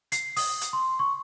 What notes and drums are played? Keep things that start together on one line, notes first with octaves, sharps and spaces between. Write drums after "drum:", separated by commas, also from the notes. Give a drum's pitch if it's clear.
C7, drum: hi-hat
D#6, drum: open hi-hat
drum: hi-hat
C6
C#6